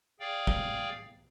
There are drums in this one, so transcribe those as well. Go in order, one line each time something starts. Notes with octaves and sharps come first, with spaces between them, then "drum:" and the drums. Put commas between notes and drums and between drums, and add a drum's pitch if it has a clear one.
G#4 D5 F5 G5
drum: kick